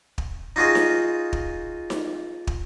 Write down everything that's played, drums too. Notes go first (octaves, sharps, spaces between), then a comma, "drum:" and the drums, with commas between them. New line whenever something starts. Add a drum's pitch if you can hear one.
drum: kick
D#4 F4 F#4 G#4 D#5
drum: snare D#4
drum: kick
drum: snare D#4
drum: kick